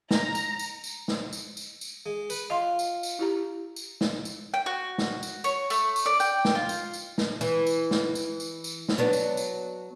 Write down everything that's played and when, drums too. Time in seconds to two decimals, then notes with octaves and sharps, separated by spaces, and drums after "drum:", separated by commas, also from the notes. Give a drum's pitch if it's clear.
0.11 A#5, drum: snare
0.35 drum: tambourine
0.59 drum: tambourine
0.84 drum: tambourine
1.08 drum: snare
1.33 drum: tambourine
1.57 drum: tambourine
1.81 drum: tambourine
2.06 G#3
2.30 B4, drum: tambourine
2.50 F4 D#5 C6
2.79 drum: tambourine
3.03 drum: tambourine
3.19 E4 G4 A#5
3.76 drum: tambourine
4.01 drum: snare
4.25 drum: tambourine
4.54 G5
4.66 F#4
4.98 drum: snare
5.23 drum: tambourine
5.44 C#5, drum: tambourine
5.70 A3, drum: tambourine
5.96 drum: tambourine
6.06 D5
6.20 G5, drum: tambourine
6.45 drum: snare
6.55 F4
6.69 drum: tambourine
6.93 drum: tambourine
7.18 drum: snare
7.41 E3, drum: tambourine
7.67 drum: tambourine
7.91 drum: snare
8.15 drum: tambourine
8.40 drum: tambourine
8.64 drum: tambourine
8.89 drum: snare
8.98 F#3 B3 D4
9.13 drum: tambourine
9.37 drum: tambourine